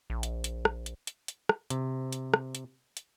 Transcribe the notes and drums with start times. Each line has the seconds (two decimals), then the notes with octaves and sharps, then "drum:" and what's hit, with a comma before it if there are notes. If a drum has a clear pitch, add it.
0.10 A#1
0.23 drum: hi-hat
0.44 drum: hi-hat
0.65 drum: rim click
0.86 drum: hi-hat
1.07 drum: hi-hat
1.28 drum: hi-hat
1.49 drum: rim click
1.70 C3, drum: hi-hat
2.13 drum: hi-hat
2.34 drum: rim click
2.55 drum: hi-hat
2.97 drum: hi-hat